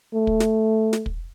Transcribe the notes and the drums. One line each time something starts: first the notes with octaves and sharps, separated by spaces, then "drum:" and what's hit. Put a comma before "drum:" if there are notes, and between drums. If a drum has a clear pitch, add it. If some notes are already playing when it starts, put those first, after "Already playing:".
A3
drum: kick
drum: snare
drum: snare
drum: kick